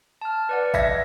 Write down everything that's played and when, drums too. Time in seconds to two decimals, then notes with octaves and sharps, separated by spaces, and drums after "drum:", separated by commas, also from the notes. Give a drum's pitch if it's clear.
0.21 A5 F6
0.49 B4 D5 F#5
0.74 E5 G#6 A#6, drum: kick, tambourine